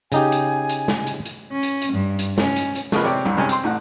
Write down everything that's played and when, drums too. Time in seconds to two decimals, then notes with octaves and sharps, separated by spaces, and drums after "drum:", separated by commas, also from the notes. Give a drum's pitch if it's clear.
0.12 C#3 D#4 G4 G#5, drum: hi-hat
0.32 drum: hi-hat
0.69 drum: hi-hat
0.88 drum: snare
1.07 drum: hi-hat
1.26 drum: hi-hat
1.53 C#4
1.63 drum: hi-hat
1.82 drum: hi-hat
1.92 G2
2.19 drum: hi-hat
2.38 C#4, drum: snare
2.56 drum: hi-hat
2.75 drum: hi-hat
2.92 C#3 F3 G#3 B3 A#4 B4, drum: snare
3.04 C3 C4 C#5 D5
3.25 C2 G2
3.37 G2 C3 G#3 C#4 D#4 G#5
3.49 C4 C6, drum: hi-hat
3.63 A1 A2 F#5